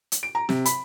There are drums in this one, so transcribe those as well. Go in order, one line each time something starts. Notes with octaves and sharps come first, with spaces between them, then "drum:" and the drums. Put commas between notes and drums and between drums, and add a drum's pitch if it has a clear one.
drum: hi-hat
D7
A#5
C3, drum: snare
B5, drum: hi-hat